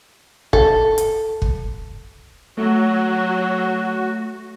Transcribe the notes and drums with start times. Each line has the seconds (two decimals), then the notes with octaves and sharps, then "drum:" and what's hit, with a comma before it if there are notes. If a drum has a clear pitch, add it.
0.53 A4, drum: kick
0.98 drum: hi-hat
1.42 drum: kick
2.58 F#3 A3 F#4